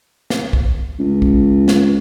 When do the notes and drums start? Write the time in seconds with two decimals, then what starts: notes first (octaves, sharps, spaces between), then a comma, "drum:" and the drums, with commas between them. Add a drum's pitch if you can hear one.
0.30 drum: snare
0.53 drum: kick
0.99 C#2
1.22 drum: kick
1.68 drum: snare